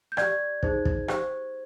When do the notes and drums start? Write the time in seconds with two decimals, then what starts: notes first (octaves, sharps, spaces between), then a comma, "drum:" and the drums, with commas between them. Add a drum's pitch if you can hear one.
0.12 G6
0.17 G4 D5 G#6, drum: rim click
0.63 D#4 G#4 C5, drum: kick
0.85 drum: kick
1.08 G4 C5, drum: rim click